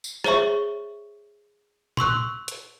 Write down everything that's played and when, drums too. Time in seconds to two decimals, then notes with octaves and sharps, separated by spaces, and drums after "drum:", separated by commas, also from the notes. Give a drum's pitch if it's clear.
0.04 drum: tambourine
0.24 G#4 C5 C#5 E5 C#6, drum: rim click
1.97 C6 C#6 E6 F#6, drum: tom A#2
2.48 drum: hi-hat